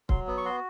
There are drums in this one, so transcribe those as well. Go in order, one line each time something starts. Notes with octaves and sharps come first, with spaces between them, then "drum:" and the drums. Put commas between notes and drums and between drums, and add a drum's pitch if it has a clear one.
F#3 C6, drum: kick C#1
B3
C#6
F#4 C6